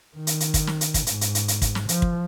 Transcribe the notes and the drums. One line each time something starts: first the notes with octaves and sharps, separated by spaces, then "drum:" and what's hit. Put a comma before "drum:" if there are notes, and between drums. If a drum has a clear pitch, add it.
D#3
drum: hi-hat
drum: hi-hat
drum: kick, hi-hat
drum: snare
drum: hi-hat
drum: kick, hi-hat
G#2, drum: hi-hat
drum: hi-hat
drum: hi-hat
drum: hi-hat
drum: kick, hi-hat
drum: snare
F3, drum: hi-hat
drum: kick